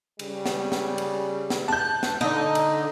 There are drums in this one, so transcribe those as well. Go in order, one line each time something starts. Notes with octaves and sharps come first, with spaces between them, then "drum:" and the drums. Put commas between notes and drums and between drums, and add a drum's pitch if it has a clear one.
C#3 G3, drum: cymbal
drum: snare
drum: snare
drum: cymbal
drum: snare
A5 F#6 G6
drum: snare
D3 D#4
drum: cymbal